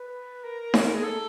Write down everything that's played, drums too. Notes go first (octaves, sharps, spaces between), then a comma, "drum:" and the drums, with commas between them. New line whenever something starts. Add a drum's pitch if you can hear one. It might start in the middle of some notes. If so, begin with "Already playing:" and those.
Already playing: B4
A#4
drum: snare D#4
G#4
A4